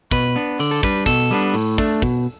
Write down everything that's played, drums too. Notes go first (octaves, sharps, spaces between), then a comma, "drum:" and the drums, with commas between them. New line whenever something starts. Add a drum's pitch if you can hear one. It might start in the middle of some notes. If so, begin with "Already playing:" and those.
B2 B4, drum: kick, hi-hat
B3 D4
D3 D5, drum: open hi-hat
A4
G3 D4 B4, drum: kick
B2 A4, drum: kick, hi-hat
G3 B3 D4
A2, drum: open hi-hat
A3 D4, drum: kick
B2, drum: kick